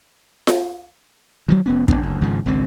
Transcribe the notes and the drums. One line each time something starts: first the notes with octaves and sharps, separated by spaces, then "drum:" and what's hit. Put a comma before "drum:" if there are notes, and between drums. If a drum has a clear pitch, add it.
drum: snare F4
D#3 F3 F#3
F1 B3 C#4
E1 G#2 B3 D4, drum: kick
F#1 D2
G#1 G#2 C#3 F3
G#1 C#2 D3 C4